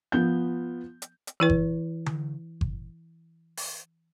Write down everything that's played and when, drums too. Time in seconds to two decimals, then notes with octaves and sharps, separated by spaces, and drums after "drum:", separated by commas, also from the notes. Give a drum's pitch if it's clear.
0.12 F3 B3 G6
1.02 drum: hi-hat
1.27 drum: hi-hat
1.40 E3 E4 B4
1.50 drum: kick G1
2.06 drum: tom D3
2.61 drum: kick G1
3.57 drum: open hi-hat